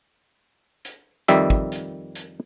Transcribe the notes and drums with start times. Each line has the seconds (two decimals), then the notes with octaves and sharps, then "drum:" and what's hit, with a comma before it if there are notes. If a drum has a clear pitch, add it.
0.85 drum: hi-hat
1.28 F2 D#3 G3 E5, drum: hi-hat
1.50 drum: kick
1.72 drum: hi-hat
2.15 drum: hi-hat